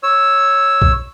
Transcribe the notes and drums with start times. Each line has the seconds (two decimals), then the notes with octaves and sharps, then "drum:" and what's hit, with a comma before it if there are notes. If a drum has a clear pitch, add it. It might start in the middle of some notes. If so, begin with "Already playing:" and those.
0.03 C#5 E6
0.82 drum: kick B1